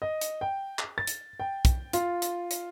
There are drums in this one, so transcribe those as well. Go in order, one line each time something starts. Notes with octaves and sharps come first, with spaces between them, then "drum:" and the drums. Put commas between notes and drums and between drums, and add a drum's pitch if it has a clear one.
D#5
drum: hi-hat
G5
drum: clap
A6
drum: hi-hat
G5
drum: kick, hi-hat
F4, drum: hi-hat
drum: hi-hat
drum: hi-hat